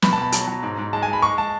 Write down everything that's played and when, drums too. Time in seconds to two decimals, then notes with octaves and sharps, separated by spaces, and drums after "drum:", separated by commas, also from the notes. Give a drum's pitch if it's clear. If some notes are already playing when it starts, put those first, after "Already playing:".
0.02 B2 B5, drum: snare
0.13 A5
0.18 B2 B5
0.32 F#3, drum: hi-hat
0.47 F#3
0.63 G#2
0.78 G#2
0.93 G#3 A5
1.03 G#5
1.08 G#3
1.13 B5
1.22 G#3 C#6
1.38 A5